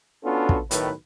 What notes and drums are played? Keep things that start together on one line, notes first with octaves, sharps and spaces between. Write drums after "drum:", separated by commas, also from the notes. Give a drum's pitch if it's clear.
B3 C#4 D4 F4 F#4 A4
drum: kick
B1 A2 D#3 B4, drum: hi-hat